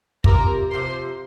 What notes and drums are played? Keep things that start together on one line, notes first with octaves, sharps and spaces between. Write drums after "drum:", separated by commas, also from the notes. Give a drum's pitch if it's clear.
C3 F3 A#3 A#4 A#5, drum: kick
C3 F3 A#3 C5 C6